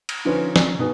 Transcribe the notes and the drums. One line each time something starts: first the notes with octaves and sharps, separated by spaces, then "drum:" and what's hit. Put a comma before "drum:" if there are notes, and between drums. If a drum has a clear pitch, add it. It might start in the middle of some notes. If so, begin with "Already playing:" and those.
drum: cymbal
D3 F3 C#4 D#4 B4 C5
drum: snare
B2 D#4 G#4